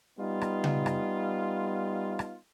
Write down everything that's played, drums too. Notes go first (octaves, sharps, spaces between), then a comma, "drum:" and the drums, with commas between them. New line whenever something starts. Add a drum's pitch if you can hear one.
G3 B3 D#4 F4
drum: rim click
drum: tom C#3
drum: rim click
drum: rim click